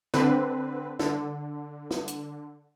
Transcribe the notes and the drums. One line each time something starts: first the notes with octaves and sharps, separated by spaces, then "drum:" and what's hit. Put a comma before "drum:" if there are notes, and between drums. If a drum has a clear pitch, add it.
D3 C4 B4, drum: snare
D3, drum: snare
drum: snare
drum: hi-hat